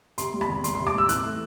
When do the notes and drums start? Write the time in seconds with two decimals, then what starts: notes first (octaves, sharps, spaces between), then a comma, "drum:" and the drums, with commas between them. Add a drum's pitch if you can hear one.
0.18 C3 C6, drum: hi-hat
0.34 G3
0.41 B5, drum: rim click
0.48 E2
0.64 E2 C6, drum: hi-hat
0.75 C3 C6
0.86 D6, drum: rim click
0.94 G3 E6
1.09 E3 F#6, drum: hi-hat
1.25 A3